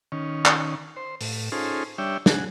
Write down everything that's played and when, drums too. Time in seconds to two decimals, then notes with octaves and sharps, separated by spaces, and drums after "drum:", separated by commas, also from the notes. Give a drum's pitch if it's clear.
0.12 D#3 C#4
0.46 drum: clap
0.97 C5
1.21 A2, drum: open hi-hat
1.52 C#4 D#4 F4 G#4 A4 C5
1.98 G3 D4 C#5 E5 G5
2.26 F#4 G#4, drum: snare